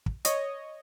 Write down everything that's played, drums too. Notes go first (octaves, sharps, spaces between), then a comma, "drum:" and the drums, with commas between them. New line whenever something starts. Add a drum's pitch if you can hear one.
drum: kick
C#5 D#5, drum: hi-hat